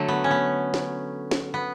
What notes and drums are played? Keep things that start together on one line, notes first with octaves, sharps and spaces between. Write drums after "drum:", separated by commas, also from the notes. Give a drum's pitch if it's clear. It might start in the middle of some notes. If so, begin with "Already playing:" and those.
Already playing: D3 F#3 A3
B3
C#4
B3
drum: snare
drum: snare
B3